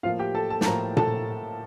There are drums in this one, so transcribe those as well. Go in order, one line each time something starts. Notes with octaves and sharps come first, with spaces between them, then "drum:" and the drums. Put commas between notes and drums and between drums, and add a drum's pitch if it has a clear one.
A2 F3 A#3 F4 F5
G4 G5
A4 A5
A4 A5
A5, drum: snare
A2 F3 A#3 A#4 A#5
A4 A5, drum: tom A#2